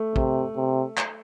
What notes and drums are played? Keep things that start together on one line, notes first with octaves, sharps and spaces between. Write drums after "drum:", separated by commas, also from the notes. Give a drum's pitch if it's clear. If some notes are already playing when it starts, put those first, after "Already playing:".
Already playing: A3
C3, drum: kick
C3
drum: clap